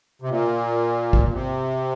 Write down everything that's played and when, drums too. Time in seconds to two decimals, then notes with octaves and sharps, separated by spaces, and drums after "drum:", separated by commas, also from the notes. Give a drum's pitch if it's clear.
0.22 C3
0.29 A#2
1.13 drum: kick A1
1.28 A#2
1.32 C3